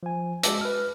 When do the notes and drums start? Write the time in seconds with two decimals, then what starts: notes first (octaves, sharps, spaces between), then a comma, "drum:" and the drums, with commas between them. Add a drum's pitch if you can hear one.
0.03 F3 G#5
0.43 G#3 F#4 A5 D6 E6, drum: hi-hat
0.61 B4 F6